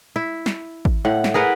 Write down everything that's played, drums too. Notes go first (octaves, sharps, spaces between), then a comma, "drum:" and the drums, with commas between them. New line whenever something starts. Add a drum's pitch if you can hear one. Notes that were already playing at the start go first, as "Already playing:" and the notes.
E4
drum: snare
drum: kick G#1
A2 F#5
drum: snare
G#4 A#4 B4 F#5